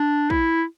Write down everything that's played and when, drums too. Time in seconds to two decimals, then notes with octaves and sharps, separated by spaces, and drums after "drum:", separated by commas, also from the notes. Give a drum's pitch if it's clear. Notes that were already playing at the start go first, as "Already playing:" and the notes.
Already playing: D4
0.30 E4, drum: kick